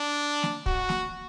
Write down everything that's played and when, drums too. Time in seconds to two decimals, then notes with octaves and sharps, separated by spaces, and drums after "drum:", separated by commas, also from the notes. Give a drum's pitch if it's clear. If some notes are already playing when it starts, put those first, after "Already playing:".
Already playing: D4
0.43 drum: snare
0.66 F#4, drum: kick
0.89 drum: snare